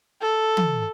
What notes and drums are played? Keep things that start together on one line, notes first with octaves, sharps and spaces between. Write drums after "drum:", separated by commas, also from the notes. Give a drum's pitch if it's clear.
A4
drum: tom